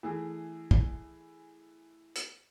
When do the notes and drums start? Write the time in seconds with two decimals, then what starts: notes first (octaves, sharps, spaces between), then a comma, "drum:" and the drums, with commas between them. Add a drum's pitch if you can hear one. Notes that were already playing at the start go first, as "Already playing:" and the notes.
0.03 E3 A3 G#4
0.71 drum: kick
2.16 drum: hi-hat